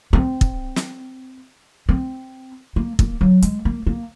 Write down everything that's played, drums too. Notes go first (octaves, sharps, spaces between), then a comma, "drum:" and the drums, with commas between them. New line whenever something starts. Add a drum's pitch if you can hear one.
C4
drum: kick
drum: snare
C4
A#3
A#3, drum: kick
F#3
G#3, drum: hi-hat
A#3
A#3